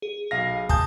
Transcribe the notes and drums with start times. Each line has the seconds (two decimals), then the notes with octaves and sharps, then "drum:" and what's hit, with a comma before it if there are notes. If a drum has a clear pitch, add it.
0.02 G#4
0.31 B1 F5 A#6
0.69 G#5 A5 D#6 G6, drum: kick